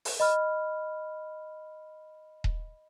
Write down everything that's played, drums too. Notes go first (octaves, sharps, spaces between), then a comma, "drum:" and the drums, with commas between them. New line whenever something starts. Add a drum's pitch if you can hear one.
drum: open hi-hat
D#5 B5 F6
drum: kick D#1